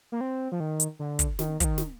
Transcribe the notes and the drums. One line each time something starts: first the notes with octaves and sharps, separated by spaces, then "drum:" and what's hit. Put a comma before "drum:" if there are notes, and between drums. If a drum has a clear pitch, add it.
A#3
C4
F3
D#3
drum: hi-hat
D3
drum: kick, hi-hat
D#3, drum: snare
F3, drum: kick, hi-hat
D#3
drum: snare